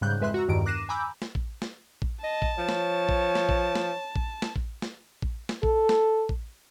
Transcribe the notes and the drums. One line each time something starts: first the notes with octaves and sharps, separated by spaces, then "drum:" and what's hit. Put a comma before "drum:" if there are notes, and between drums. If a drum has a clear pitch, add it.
G#2 C#3 G3 F#6 G6
F2 G#3 B4 E5 C6 F#6
F#4 A#5 E6
E2 G2 D#3 A#5 D7
D6 F#6 A#6 C7 D#7 E7
G#5 A#5 B5 D6 E6 G6
drum: snare
drum: kick A1
drum: snare
drum: kick A1
D#5 A5
drum: kick A1
F3 C#5
drum: snare
drum: kick A1
drum: snare
drum: kick A1
drum: snare
drum: kick A1
drum: snare
drum: kick A1
drum: snare
drum: kick A1
drum: snare
A4, drum: kick A1
drum: snare
drum: kick A1